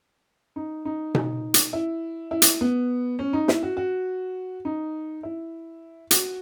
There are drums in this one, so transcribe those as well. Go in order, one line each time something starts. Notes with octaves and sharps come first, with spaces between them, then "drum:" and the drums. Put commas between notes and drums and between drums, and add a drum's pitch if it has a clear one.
D#4
D#4
D#4, drum: tom B2
drum: hi-hat
E4
E4
drum: hi-hat
B3
C#4
D#4
E4, drum: snare
F#4
F#4
D#4
E4
F#4, drum: hi-hat